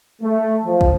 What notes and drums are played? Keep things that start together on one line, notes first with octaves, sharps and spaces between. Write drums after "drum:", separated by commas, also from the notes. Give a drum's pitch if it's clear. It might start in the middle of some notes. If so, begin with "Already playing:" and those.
A3
F3
drum: kick